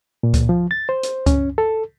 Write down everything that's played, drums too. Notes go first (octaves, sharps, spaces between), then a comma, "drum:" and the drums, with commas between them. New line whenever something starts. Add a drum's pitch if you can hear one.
A#2
drum: kick C#2, hi-hat
F3
A6
C5
drum: hi-hat
C#4, drum: kick C#2, hi-hat
A4